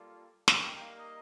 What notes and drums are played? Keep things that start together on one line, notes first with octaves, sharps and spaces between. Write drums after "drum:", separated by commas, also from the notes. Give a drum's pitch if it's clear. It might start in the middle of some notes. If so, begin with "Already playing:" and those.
Already playing: G3 A#3 F4 A4 D5
G3 A#3 D#4 A#4 F5, drum: snare
G5
G5
F5
D#5